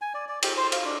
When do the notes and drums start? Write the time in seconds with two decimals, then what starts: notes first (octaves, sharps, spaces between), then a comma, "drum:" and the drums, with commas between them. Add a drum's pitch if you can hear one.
0.01 G#5
0.14 D5
0.28 D5
0.43 G4, drum: cymbal
0.57 C5
0.72 F5, drum: cymbal
0.85 D4